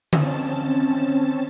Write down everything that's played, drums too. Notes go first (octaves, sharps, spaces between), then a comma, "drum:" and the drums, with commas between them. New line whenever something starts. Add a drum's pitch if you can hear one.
C4 C#4 A5, drum: tom D3